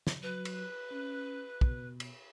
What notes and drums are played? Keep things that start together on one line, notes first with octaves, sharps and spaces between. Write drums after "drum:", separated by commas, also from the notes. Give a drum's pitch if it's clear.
drum: snare
F#3 B4
drum: cymbal
C#4
B2, drum: kick
drum: cymbal